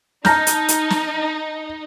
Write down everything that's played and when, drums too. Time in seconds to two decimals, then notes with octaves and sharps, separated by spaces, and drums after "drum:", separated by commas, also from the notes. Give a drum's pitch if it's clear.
0.25 D#4 A5 A#5 F6 G6 A#6, drum: snare
0.47 drum: hi-hat
0.68 drum: hi-hat
0.90 drum: snare